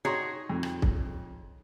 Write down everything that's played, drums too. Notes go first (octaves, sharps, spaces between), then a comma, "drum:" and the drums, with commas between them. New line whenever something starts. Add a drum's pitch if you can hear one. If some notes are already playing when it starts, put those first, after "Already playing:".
D#4 F#4 G#4 C#5 A#5 C6
F2
drum: rim click
drum: kick